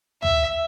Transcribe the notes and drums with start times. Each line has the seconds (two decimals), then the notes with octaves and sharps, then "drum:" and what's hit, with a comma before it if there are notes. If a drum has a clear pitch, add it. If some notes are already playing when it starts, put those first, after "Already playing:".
0.23 E5, drum: tom